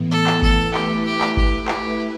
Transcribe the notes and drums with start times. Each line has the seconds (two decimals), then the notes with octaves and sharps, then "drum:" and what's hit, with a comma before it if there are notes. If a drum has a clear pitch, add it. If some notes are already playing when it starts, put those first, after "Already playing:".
Already playing: A2 E3 B3
0.11 A4
0.27 drum: clap
0.42 A4, drum: kick G1
0.74 A3 E4 G4 B4, drum: clap
1.05 G4
1.21 drum: clap
1.37 G4, drum: kick G1
1.68 G4, drum: clap